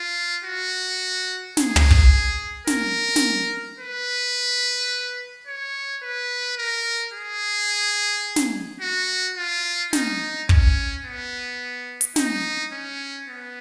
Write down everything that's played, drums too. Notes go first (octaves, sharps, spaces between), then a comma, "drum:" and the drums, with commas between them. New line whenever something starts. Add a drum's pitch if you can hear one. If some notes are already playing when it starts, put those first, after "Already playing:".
Already playing: F4
F#4
G#4, drum: snare
drum: tom
drum: kick
A#4, drum: snare
drum: snare
B4
C#5
B4
A#4
G#4
drum: snare
F#4
F4
D#4, drum: snare
C#4, drum: kick
B3
drum: hi-hat
D#4, drum: snare
C#4
B3